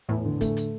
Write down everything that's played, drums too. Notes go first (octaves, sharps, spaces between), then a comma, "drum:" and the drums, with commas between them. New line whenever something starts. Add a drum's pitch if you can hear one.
E2 A2
D3
A3, drum: kick, hi-hat
drum: hi-hat